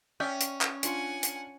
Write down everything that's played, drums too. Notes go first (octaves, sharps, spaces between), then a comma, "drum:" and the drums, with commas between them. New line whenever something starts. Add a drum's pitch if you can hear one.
C#4 D5 E5 G5 F6
drum: hi-hat
drum: clap
D4 F4 F#5 G#5 C6, drum: hi-hat
drum: hi-hat